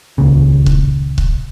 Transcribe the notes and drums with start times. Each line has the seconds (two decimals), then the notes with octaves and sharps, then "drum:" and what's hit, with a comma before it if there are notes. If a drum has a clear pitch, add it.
0.18 D#1 C#2 A#2 C#3
0.66 drum: kick C#1
1.18 drum: kick C#1